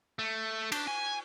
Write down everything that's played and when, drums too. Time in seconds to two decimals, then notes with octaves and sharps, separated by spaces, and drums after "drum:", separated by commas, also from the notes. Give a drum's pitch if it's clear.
0.19 A3
0.72 D4, drum: cymbal
0.88 G#5